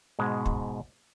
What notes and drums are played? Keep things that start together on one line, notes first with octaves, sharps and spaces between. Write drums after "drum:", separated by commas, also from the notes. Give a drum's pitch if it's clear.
G#2 B2 G#3
drum: kick